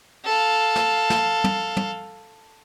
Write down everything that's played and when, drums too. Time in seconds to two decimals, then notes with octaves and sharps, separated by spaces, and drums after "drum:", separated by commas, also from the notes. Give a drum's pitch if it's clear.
0.25 A4 F5
0.76 drum: snare
1.10 drum: snare
1.44 drum: tom
1.77 drum: tom